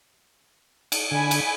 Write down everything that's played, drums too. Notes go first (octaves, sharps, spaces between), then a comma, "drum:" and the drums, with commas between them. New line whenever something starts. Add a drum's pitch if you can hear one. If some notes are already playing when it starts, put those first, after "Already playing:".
drum: cymbal
D3 G#5 B5
drum: cymbal